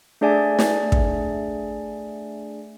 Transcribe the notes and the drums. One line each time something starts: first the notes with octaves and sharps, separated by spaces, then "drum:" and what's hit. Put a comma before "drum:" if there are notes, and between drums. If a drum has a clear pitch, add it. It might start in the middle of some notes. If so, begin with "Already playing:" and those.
A3 D4 G#4 D5 E5 G#5
drum: snare
drum: kick